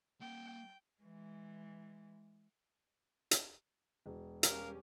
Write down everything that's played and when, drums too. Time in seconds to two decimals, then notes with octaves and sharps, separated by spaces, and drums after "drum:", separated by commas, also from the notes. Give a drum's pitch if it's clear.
0.21 A#3 F#5 G5
1.01 E3 G#3
3.31 drum: hi-hat
4.06 E1
4.43 G3 C#4 G4 A#4 F5, drum: hi-hat